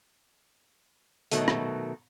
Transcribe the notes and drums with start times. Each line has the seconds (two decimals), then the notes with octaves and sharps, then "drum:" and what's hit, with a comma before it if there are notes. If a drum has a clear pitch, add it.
1.31 B2 D#3 F#3 A3, drum: hi-hat
1.48 drum: rim click